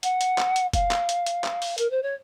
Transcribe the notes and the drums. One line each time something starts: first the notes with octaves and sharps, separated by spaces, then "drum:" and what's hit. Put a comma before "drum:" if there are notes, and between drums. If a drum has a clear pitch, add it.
F#5, drum: hi-hat
drum: hi-hat
drum: clap
drum: hi-hat
F5, drum: kick F1, hi-hat
drum: clap
drum: hi-hat
drum: hi-hat
drum: clap
drum: open hi-hat
A#4, drum: hi-hat
C5
C#5